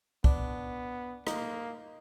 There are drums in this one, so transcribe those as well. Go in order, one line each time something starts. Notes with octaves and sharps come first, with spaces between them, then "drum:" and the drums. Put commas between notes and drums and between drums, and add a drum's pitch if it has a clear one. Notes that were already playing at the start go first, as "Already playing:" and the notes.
B3 D4, drum: kick
A#3 D#4, drum: rim click